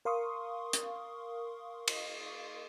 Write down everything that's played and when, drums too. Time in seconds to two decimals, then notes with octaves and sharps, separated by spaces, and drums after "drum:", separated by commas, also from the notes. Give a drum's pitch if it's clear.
0.05 A#4 F5 C6 C#6 D#6
0.73 drum: hi-hat
1.88 drum: cymbal